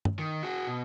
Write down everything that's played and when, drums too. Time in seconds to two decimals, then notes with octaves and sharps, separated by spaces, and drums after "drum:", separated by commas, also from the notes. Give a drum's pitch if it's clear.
0.05 drum: tom
0.19 D#3
0.43 F#4 G#4
0.67 B2